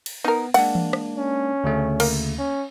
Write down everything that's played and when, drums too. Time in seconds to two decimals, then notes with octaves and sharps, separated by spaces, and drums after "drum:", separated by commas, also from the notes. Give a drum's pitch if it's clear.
0.06 drum: cymbal
0.24 B3 D#4 A#4
0.54 G#3 A#3 D4 F#5, drum: cymbal
0.75 drum: tom E3
0.93 drum: rim click
1.18 C#4
1.64 D2 C#3 A3
2.00 A#3, drum: cymbal
2.39 C#4